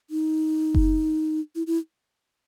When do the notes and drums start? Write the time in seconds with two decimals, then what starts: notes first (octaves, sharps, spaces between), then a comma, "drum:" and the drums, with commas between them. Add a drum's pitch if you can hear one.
0.10 D#4
0.75 drum: kick F#1
1.55 E4
1.67 E4